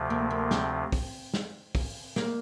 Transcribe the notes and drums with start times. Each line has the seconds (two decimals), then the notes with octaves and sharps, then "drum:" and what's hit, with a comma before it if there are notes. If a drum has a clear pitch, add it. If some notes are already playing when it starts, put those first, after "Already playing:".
Already playing: D2 C3 F3
0.10 A#3
0.30 A#3
0.51 C4, drum: snare
0.92 drum: kick, open hi-hat
1.34 drum: snare
1.75 drum: kick, open hi-hat
2.16 A#3, drum: snare